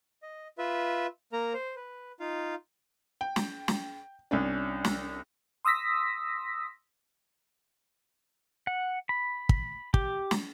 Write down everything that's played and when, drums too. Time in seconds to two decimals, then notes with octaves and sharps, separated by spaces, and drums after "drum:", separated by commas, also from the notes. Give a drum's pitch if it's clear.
0.23 D#5
0.58 F4 B4 E5
1.33 A#3 A#4 A#5
1.53 C5
1.76 B4
2.20 D#4 F4 F5
3.21 G5
3.36 drum: snare
3.68 drum: snare
4.31 C2 C#4 D4
4.85 drum: snare
5.65 C6 D#6 E6 A#6 B6
8.67 F#5
9.09 B5
9.49 drum: kick
9.94 G4, drum: kick
10.31 drum: snare